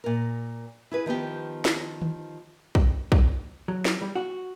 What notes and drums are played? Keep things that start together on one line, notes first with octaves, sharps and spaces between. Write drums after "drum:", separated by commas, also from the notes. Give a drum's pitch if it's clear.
A#2 A#4
E4 G#4 B4
D#3 F3 B3 G4
drum: snare
drum: tom D#3
drum: kick
drum: kick
F#3
drum: snare
G3
F#4